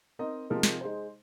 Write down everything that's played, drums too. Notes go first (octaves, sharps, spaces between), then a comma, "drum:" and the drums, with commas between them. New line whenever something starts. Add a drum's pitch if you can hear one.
C4 D#4 A#4 D#5
C3 F3 G#3 D#4 A#4
drum: snare
G#3 D#4 G#4 C5